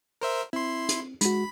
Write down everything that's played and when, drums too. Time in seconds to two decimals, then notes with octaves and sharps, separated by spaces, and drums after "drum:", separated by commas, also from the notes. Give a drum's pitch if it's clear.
0.22 A#4 C5 E5
0.53 C4 E4 C6
0.89 drum: hi-hat
1.21 G#3 F#4 B5, drum: hi-hat